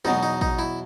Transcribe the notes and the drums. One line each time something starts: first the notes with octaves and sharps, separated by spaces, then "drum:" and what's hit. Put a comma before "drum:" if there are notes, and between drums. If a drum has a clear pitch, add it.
E2 B2 F#3 D#4, drum: tom
D#4
D#4, drum: kick A1
E4